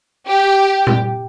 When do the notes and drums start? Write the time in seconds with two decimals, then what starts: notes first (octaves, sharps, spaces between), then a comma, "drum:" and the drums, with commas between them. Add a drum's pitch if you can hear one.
0.27 G4
0.87 drum: tom A#2